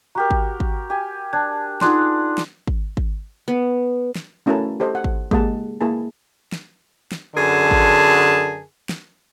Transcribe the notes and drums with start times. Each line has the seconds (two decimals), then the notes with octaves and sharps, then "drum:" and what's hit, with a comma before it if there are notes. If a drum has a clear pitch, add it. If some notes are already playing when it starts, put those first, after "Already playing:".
0.15 F#4 G4 A#4 A#5
0.31 drum: kick G#1
0.60 drum: kick G#1
0.90 G4 G#5
1.33 D4 A5 G#6
1.81 D4 D#4 F4 G#4 F#5 C6, drum: snare
2.38 drum: snare
2.67 drum: kick G#1
2.97 drum: kick G#1
3.48 B3
4.16 drum: snare
4.46 A3 C#4 E4 F#4 A#4 A5
4.80 G4 A4 C5 D#5
4.95 F#5
5.04 drum: kick G#1
5.31 G#3 A#3 G4 F#5 A5, drum: kick G#1
5.81 A#3 E4 G#4 A5
6.52 drum: snare
7.12 drum: snare
7.35 F#2 D3 G#4 A#4 A5
7.71 drum: kick G#1
8.89 drum: snare